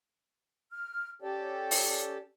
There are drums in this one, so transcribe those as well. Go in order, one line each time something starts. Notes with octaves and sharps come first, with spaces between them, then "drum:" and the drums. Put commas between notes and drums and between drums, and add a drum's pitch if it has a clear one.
F6
C#4 G4 A4 C#5 D5
drum: open hi-hat